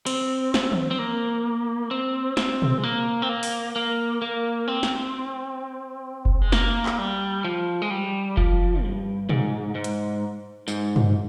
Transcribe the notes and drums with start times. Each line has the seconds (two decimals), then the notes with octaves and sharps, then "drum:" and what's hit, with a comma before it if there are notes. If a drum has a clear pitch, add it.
0.07 C4, drum: cymbal
0.54 drum: snare
0.72 drum: tom D#3
0.91 C4
0.99 A#3
1.91 C4
2.37 C4, drum: snare
2.62 drum: tom A#2
2.78 G#3
2.83 A#3
3.22 C4
3.29 A#3
3.43 drum: open hi-hat
3.76 A#3
4.22 A#3
4.68 C4
4.83 drum: snare
6.25 drum: kick F#1
6.42 G#3
6.52 A#3, drum: snare
6.86 drum: clap
6.99 G3
7.45 F3
7.82 G#3
7.90 G3
8.37 F3, drum: kick F#1
8.83 G2
9.29 G#2, drum: tom A#2
9.75 G#2
9.84 drum: hi-hat
10.68 G#2, drum: tambourine
10.96 drum: tom G2